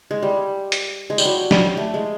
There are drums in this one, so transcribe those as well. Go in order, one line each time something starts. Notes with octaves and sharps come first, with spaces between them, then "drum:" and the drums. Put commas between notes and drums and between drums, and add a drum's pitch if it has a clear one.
G#3
G3
drum: hi-hat
G#3
G3, drum: tambourine
F#3
G3, drum: snare
A3
G#3